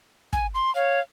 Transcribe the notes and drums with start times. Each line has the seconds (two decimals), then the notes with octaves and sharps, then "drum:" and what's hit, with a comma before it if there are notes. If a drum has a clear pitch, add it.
0.33 G#5, drum: kick
0.54 C6
0.75 C#5 F5